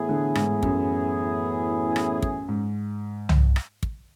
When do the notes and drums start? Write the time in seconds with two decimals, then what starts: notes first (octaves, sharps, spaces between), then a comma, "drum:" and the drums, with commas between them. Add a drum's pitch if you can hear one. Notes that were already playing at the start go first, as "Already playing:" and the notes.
Already playing: A2 E3 B3 E4 G#4
0.09 D3
0.35 G#2, drum: rim click
0.63 F#2, drum: kick
1.96 drum: rim click
2.22 drum: kick
2.49 G#2
3.29 drum: tom
3.56 drum: rim click
3.83 drum: kick